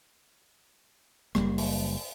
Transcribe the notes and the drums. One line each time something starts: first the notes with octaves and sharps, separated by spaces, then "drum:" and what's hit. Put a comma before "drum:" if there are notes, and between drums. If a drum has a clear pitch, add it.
F#1 F2 G3 A#3, drum: rim click
drum: open hi-hat